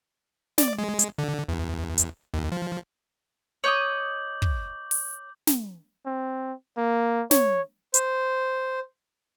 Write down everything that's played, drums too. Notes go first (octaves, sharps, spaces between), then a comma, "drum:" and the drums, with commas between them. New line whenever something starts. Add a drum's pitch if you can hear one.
D5, drum: snare
G#3
drum: hi-hat
D3
E2
drum: hi-hat
D#2
F3
C#5 D#5 D6 D#6 G6 F#7
drum: kick
drum: open hi-hat
drum: snare
C4
A#3
C#5, drum: snare
C5, drum: hi-hat